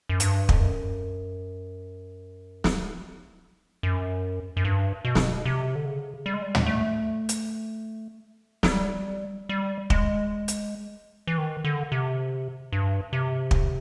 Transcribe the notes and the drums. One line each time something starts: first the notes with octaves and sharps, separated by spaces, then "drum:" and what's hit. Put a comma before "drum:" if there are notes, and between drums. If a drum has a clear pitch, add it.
F#2
G2, drum: hi-hat
F2, drum: kick
F#2
drum: snare
F#2
F#2
G2
B2
drum: snare
C3
D3
C#3
G3
G#3
G3
drum: tom
A3
drum: hi-hat
F#3, drum: snare
G3
G3
G#3, drum: kick
drum: hi-hat
E3
D#3
D3
C3
G2
C3
drum: kick